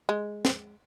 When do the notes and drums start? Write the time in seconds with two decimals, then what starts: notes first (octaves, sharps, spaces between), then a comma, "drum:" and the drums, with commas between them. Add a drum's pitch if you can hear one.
0.09 G#3
0.45 drum: snare